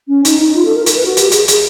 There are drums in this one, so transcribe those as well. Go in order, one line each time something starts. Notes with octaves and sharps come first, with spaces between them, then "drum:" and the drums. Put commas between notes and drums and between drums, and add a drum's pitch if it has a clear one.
C#4
D#4, drum: hi-hat
D#4
F4
A4
A#4
A#4, drum: hi-hat
B4
F#4
G4, drum: hi-hat
G#4, drum: hi-hat
G#4, drum: hi-hat